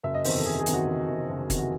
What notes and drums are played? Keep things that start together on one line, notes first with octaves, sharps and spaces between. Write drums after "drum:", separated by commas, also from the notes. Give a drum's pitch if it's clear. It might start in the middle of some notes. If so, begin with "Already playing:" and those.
F#1 E5
D#5
E2 C3 D#3 C5, drum: open hi-hat
A4
F#1 G#4
G#4
E2 C3 D#3, drum: hi-hat
F#4
F#1
E2 C3 D#3
F#1
E2 C3 D#3, drum: kick, hi-hat
F#4